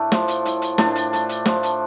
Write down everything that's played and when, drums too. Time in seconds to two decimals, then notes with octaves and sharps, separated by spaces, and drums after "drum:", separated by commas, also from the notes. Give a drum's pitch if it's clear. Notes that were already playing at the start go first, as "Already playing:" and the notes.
Already playing: A2 A3 D4
0.12 F3, drum: snare
0.28 drum: hi-hat
0.45 A2, drum: hi-hat
0.62 drum: hi-hat
0.78 A2 D4, drum: snare
0.95 drum: hi-hat
1.13 A3, drum: hi-hat
1.29 drum: hi-hat
1.46 F3, drum: snare
1.63 drum: hi-hat